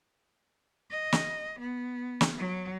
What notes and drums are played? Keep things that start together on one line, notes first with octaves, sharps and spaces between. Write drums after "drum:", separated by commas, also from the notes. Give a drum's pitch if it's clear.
D#5
drum: snare
B3
drum: snare
F#3